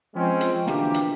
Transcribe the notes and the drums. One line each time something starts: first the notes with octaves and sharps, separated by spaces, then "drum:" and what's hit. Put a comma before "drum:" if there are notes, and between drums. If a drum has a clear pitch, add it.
F3 G#3 C4 C#4
drum: hi-hat
B2 D3 E3 F3 A#3 G4, drum: snare
drum: hi-hat